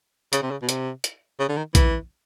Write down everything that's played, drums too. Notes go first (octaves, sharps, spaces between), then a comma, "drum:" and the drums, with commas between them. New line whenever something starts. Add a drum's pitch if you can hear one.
C#3, drum: hi-hat
C3
C#3
B2
C3, drum: hi-hat
drum: hi-hat
C#3
D3
D#3
E3, drum: kick, hi-hat